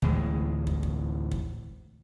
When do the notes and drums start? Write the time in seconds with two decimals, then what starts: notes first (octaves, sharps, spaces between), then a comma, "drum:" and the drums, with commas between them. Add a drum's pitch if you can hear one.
0.02 D2 A2 E3 G#3, drum: kick
0.67 drum: kick
0.83 drum: kick
1.31 drum: kick